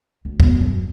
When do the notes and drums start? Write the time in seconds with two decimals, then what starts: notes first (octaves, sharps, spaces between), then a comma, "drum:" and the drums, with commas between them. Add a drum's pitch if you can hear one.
0.25 D2
0.40 B2 B3, drum: kick
0.61 F#2